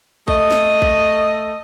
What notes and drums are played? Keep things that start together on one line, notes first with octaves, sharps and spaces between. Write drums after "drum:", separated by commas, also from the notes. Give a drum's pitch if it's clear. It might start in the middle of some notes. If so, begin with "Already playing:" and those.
A3 D#5, drum: kick A#1
drum: snare
drum: kick A#1